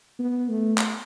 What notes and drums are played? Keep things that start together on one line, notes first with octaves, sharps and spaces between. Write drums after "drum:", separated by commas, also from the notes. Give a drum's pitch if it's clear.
B3
A3
drum: clap